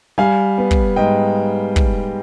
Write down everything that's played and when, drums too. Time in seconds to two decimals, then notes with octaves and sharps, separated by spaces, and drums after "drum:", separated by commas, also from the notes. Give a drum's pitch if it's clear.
0.18 G3 F5 G#5
0.58 B3
0.71 drum: kick
0.96 G#2 D#5 G5
1.76 drum: kick